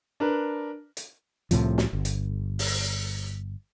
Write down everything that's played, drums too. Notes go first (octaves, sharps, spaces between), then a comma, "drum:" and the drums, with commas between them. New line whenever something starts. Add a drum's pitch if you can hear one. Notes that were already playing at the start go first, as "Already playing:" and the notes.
D4 A#4 B4
drum: hi-hat
C2 A2 C3 F3, drum: hi-hat
drum: snare
G1
drum: hi-hat
drum: open hi-hat